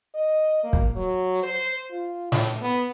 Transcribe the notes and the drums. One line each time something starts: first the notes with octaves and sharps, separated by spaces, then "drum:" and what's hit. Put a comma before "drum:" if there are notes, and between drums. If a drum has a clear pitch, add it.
D#5
A#3
drum: kick
F#3
C5
F4
A2, drum: snare
B3